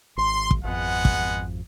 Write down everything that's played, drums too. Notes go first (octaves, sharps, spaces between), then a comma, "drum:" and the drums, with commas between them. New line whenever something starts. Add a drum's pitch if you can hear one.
G#1 C6
drum: kick
G#1 F2 G#3 B3 F#5
drum: kick